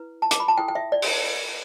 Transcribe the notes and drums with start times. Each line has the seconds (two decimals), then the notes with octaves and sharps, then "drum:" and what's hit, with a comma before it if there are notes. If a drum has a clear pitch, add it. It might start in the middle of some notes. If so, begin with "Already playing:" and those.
Already playing: E4 B4
0.22 A5
0.31 D6, drum: hi-hat
0.40 B5
0.48 A5
0.58 E4 A4 G5
0.68 G5
0.75 E5
0.92 D5
1.02 drum: open hi-hat